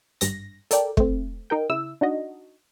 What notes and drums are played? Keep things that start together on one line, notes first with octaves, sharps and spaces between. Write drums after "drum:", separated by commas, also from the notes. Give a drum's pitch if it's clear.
G#1 G2 A#6, drum: hi-hat
A4 A#4 D5 G5, drum: hi-hat
A3 C4, drum: kick
D#4 A#4 G5
C#3 E4 E6
D4 D#4 F#4 D#5